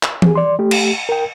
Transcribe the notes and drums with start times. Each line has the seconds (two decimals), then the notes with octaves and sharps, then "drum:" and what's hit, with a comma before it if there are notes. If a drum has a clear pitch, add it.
0.03 drum: clap
0.22 G#4, drum: tom E3
0.35 D5 C6
0.59 A3 G4
0.71 drum: cymbal
1.09 A#4 G5